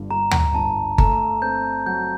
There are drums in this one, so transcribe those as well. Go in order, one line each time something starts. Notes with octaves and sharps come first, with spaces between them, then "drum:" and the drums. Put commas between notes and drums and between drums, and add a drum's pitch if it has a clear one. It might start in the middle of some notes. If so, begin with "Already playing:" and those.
Already playing: G1 G2
G2 A#5
drum: tom D2
G1 A5
A3 A#5, drum: kick G1
C4 G6
F#3 G6